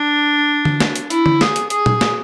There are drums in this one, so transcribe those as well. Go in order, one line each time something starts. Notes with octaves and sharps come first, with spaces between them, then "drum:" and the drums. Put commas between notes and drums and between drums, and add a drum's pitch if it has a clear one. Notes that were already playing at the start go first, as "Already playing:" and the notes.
Already playing: D4
drum: tom D3
drum: snare
drum: hi-hat
E4, drum: hi-hat
drum: tom D3
G#4, drum: snare
drum: hi-hat
G#4, drum: hi-hat
drum: tom A#2
drum: snare